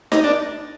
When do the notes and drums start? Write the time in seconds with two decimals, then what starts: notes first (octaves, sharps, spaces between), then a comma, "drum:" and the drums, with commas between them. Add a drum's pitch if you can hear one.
0.12 D#4, drum: snare D#4
0.24 D4